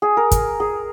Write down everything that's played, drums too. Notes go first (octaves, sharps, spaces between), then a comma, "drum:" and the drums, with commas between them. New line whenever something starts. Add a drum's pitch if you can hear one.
G#4
A#4
drum: kick, hi-hat
G#4